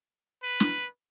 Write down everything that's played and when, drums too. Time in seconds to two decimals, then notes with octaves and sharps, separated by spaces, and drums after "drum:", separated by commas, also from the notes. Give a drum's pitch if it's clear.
0.43 B4
0.60 drum: snare